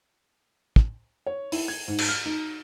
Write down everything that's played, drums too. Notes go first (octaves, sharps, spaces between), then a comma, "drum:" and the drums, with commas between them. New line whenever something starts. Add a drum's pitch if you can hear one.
drum: kick
C#5
E4, drum: open hi-hat
G#6
G#2
drum: cymbal
F6
D#4